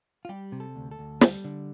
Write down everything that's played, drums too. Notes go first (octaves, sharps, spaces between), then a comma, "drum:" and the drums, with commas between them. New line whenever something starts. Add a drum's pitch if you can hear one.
F4
G3 G4
C3
A4
D2
A4
D2
G3, drum: snare
D3